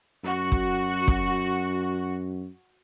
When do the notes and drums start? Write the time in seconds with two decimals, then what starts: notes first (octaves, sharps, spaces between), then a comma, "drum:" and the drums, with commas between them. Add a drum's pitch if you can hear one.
0.24 F#2 F#4
0.52 drum: kick
1.08 drum: kick